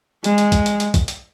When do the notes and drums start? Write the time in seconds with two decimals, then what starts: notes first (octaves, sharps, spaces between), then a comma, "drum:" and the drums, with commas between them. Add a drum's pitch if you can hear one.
0.24 G#3, drum: hi-hat
0.38 drum: hi-hat
0.52 drum: kick, hi-hat
0.66 drum: hi-hat
0.80 drum: hi-hat
0.94 drum: kick, hi-hat
1.08 drum: hi-hat